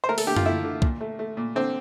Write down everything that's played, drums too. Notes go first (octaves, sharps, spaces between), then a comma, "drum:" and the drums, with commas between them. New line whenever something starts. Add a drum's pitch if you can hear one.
C5
A3 A#4
A4, drum: open hi-hat
D3 G4
F4, drum: tom F#2
A3 E4
D3
A#2, drum: kick
A3
A3
A#2
D3 C4